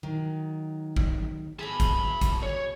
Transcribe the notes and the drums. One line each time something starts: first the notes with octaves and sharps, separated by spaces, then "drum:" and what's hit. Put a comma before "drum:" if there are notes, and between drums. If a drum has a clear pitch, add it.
D#3 F#3
drum: kick
B2 G#4 A5 B5
drum: kick, hi-hat
drum: kick, hi-hat
C#5